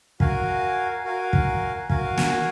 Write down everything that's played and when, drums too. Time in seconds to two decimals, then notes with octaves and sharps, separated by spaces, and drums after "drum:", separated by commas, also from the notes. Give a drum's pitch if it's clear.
0.20 F#4 A#4 F5 G#5, drum: kick
1.05 F#4 A#4 F5 G#5
1.33 drum: kick
1.90 F#4 A#4 F5 G#5, drum: kick
2.18 drum: snare